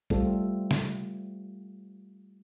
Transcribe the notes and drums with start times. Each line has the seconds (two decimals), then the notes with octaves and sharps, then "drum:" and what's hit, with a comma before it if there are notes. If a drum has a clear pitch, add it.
0.10 G3 A3 C4 F4 A4, drum: kick
0.71 drum: snare